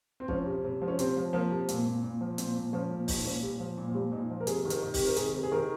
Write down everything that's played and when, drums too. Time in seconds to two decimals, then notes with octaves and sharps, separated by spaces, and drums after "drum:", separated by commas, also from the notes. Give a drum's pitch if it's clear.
0.20 C4
0.28 F3 C#4, drum: kick
0.46 C3
0.64 C3
0.82 F3
0.88 C#4
0.99 C3 C4, drum: hi-hat
1.16 F3
1.33 F3 A#3
1.52 C3
1.69 A#2, drum: hi-hat
1.86 A#2
2.03 A#2
2.21 F3
2.38 A#2 C4, drum: hi-hat
2.56 A#2
2.73 F3 C#4
2.90 A#2
3.08 A#2 D#4, drum: kick, open hi-hat
3.25 A#2 C#4
3.42 A#2 G3
3.60 F3
3.78 A#2
3.89 F3
3.94 A#2 G3
4.12 A#2 D#4
4.30 F3
4.41 A#4
4.47 C3 G#4, drum: hi-hat
4.65 D#3
4.70 A#4, drum: hi-hat
4.82 D#3
4.94 G4, drum: kick, open hi-hat
5.00 C3
5.07 A#4
5.16 C3 G#4, drum: hi-hat
5.35 C3
5.43 G#4
5.52 D#3 A#4